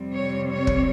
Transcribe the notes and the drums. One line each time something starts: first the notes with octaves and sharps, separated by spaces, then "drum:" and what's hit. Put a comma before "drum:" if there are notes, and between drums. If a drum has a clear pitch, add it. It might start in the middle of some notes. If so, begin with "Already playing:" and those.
Already playing: F2 C3 G3 C4
C#5
C#5
drum: kick